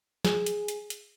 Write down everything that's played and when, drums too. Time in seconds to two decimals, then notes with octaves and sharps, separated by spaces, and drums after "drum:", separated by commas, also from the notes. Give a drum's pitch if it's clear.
0.25 G#4, drum: snare
0.46 drum: hi-hat
0.68 drum: hi-hat
0.90 drum: hi-hat